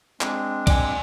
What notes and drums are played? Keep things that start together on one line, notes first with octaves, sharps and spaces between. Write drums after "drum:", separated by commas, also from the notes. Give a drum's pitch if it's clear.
G#3 C4 D4, drum: clap
D5 G#5, drum: kick, cymbal